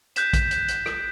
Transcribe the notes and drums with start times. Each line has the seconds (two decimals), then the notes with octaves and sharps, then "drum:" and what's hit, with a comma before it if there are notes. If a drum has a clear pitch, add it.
0.16 F#6 G6 B6 E7, drum: hi-hat
0.33 drum: kick, hi-hat
0.51 drum: hi-hat
0.68 drum: hi-hat
0.86 drum: rim click